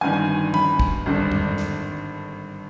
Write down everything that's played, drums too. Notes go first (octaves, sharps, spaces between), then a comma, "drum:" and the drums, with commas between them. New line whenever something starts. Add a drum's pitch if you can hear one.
G1 G2 D#3 G#5
B5, drum: tom
drum: kick
G#1 G2 D3
drum: tom E2
drum: snare